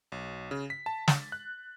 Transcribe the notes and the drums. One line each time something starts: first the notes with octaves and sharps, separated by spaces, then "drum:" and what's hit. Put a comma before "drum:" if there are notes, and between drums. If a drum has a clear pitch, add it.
B1
C#3
B6
A5
A6, drum: snare
F#6